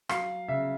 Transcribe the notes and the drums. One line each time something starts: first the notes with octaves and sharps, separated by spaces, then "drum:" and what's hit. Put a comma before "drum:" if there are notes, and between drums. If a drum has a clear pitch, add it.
F#3 F5, drum: rim click
C#3 E5